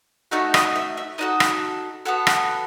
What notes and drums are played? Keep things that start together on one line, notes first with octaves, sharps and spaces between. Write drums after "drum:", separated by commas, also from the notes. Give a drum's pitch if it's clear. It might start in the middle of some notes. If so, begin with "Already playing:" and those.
A3 D#4 F#4 A4 E5
D#5, drum: rim click
E5
E5
D#4 F#4 A4 D#5
drum: rim click
B3 F#4 A4
drum: rim click